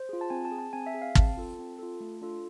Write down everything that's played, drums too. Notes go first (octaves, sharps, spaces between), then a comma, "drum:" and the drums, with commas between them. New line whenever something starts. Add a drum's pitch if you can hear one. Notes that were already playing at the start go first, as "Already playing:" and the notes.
Already playing: C5
F4 G#4
A5
C4 G#5
A5
G#4
A5
C4 G#5
E5
G#4
F5
C4 A5, drum: kick
F4 A4
C4
F4 A4
A3
D4 F4 A4